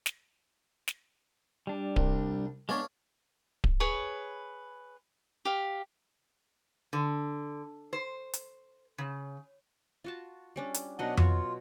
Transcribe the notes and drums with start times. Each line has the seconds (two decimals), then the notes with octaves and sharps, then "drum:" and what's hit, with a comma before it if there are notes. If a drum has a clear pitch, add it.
0.06 drum: snare
0.88 drum: snare
1.67 G3 D4
1.96 C2, drum: kick D1
2.69 G#3 B3 D4 C#5 D5 F5
3.64 drum: kick D1
3.80 G#4 B4 C#5 B5
5.45 G4 F5
6.93 D3
7.93 C5
8.33 drum: hi-hat
8.98 C#3
10.04 F4 F#4 A5
10.56 G3 C#4 D4
10.74 drum: hi-hat
10.99 B2 F#3 D4 D#4 D#5 F#5
11.17 F4 F#4 C#5, drum: tom F2